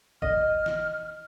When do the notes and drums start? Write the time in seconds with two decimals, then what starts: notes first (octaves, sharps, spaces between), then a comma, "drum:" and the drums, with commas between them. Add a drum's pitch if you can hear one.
0.22 D#5 F6, drum: kick
0.66 drum: snare